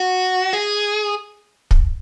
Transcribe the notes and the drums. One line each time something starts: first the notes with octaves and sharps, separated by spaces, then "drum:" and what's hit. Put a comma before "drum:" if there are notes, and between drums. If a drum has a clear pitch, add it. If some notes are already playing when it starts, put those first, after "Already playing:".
Already playing: F#4
G#4
drum: kick